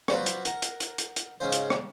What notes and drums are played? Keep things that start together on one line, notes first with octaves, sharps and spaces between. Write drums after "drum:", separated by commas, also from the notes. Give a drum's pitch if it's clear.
F#3 F4 F#4 B4 C5 D5, drum: rim click
drum: hi-hat
A#4 F#5, drum: hi-hat
drum: hi-hat
drum: hi-hat
drum: hi-hat
drum: hi-hat
G#2 C#3 C#4 F4 C5
drum: hi-hat
drum: rim click